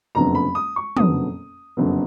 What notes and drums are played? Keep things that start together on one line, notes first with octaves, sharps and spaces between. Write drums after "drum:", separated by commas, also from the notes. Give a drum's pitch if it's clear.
F#1 F2 D3 F#3 B3 A#5
B5
D#6
C#6
F#1 F2 D3 F#3 B3 D#6, drum: tom
F#1 F2 D3 F#3 B3